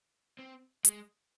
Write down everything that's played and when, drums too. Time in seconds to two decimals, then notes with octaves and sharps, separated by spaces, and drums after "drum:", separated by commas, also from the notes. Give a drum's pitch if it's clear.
0.39 C4
0.85 G#3, drum: hi-hat